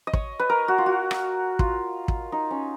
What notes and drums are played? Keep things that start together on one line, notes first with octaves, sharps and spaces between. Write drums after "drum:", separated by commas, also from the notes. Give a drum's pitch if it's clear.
D#5
C#5, drum: kick
B4
A#4
F#4
F4
F#4
drum: rim click
F4, drum: kick
drum: kick
D#4
C#4